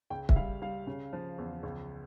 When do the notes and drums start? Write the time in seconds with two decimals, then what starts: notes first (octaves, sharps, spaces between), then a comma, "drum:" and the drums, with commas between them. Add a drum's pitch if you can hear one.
0.10 C#2 G5
0.29 E5, drum: kick
0.36 G3 F5
0.62 G3 F5
0.87 C#3
1.13 F3
1.38 E2
1.63 C#2